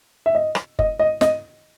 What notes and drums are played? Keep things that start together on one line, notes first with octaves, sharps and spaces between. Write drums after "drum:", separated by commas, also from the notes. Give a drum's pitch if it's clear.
E5
D#5
drum: rim click
D#5, drum: kick F#1
D#5
D#5, drum: snare